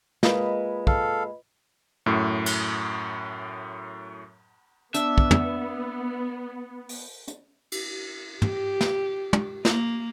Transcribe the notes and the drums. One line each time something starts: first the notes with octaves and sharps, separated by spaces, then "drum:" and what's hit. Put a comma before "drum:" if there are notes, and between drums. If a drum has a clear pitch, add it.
G#3 A#3 F4 B4 D#5 B5, drum: snare
A4 F5, drum: kick
F#2 A2
drum: cymbal
B3 D4 E5, drum: hi-hat
drum: kick
drum: tom
drum: open hi-hat
drum: hi-hat
drum: cymbal
G4, drum: tom
drum: snare
drum: tom
A#3, drum: snare